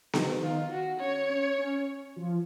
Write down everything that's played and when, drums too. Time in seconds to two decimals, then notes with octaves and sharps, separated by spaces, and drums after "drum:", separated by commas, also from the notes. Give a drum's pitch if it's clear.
0.13 D#3 D#4, drum: snare B3
0.42 D#3 D#4 F4
0.71 F#4
1.00 C#4 C#5
1.29 C#4
1.58 C#4
2.16 F3 F4